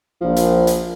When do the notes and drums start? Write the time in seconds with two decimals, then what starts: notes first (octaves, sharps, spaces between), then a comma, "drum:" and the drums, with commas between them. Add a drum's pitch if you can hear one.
0.21 A#1 F3
0.36 drum: hi-hat
0.67 drum: hi-hat